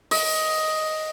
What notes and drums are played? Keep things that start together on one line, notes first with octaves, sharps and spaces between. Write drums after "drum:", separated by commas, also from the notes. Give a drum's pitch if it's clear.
D#5, drum: open hi-hat